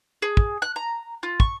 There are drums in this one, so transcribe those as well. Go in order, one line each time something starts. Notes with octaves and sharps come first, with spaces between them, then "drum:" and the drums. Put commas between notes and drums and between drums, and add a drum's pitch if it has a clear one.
G#4
drum: kick
F#6
A#5
F4
C#6, drum: kick